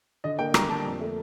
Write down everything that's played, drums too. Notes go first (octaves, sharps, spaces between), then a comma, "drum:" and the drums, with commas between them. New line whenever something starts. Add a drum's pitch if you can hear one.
D3 D#5
A#3 G5
G3 A#5, drum: rim click
A#3 A5
F2
A3